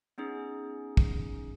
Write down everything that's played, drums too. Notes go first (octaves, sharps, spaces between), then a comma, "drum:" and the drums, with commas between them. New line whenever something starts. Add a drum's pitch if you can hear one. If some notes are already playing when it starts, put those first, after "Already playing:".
B3 C#4 D#4 G#4
drum: kick